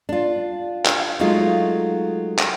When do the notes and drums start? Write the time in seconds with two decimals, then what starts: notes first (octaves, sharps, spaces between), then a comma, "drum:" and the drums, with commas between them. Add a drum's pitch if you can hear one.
0.09 D4 F4
0.85 drum: clap
1.20 F#3 G#3 A3 D#4 F4
2.39 drum: clap